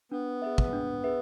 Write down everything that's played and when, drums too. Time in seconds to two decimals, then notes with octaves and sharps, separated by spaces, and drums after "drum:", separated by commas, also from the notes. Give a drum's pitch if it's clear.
0.12 B3 D4
0.42 G#4 B4 E5
0.58 drum: kick
0.73 D4
1.04 G#4 B4 E5